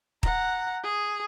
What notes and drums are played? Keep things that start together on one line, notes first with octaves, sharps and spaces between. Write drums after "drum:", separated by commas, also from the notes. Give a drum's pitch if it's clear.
F#5 A#5, drum: kick
G#4